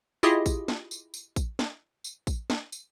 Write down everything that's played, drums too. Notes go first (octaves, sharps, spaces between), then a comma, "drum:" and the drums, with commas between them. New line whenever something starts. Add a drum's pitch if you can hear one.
E4 F4 G4 G#4 D#5, drum: tambourine
drum: kick, tambourine
drum: snare
drum: tambourine
drum: tambourine
drum: kick, tambourine
drum: snare
drum: tambourine
drum: kick, tambourine
drum: snare
drum: tambourine